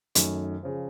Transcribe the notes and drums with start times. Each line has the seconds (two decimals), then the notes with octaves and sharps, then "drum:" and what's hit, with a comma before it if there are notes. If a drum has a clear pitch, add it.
0.15 F#2 D#3 F#3 A3, drum: hi-hat
0.63 C#3 F3